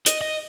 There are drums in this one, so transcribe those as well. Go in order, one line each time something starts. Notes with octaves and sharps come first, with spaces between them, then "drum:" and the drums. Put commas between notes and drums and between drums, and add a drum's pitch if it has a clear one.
D#5, drum: hi-hat
D#5